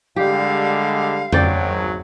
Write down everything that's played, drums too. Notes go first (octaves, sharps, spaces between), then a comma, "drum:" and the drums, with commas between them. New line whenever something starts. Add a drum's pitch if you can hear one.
D3 G3 G#3 G4 F5
G#1 F#3 D5 G5, drum: tom F2